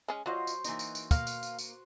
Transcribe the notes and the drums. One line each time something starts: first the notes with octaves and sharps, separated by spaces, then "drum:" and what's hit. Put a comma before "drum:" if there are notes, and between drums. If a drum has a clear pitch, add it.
G#3 C#4
F#3 F4 F#4 C5 D#5
drum: tambourine
E3 A#3 D#4, drum: tambourine
drum: tambourine
drum: tambourine
A#3 F5, drum: kick, tambourine
drum: tambourine
drum: tambourine
drum: tambourine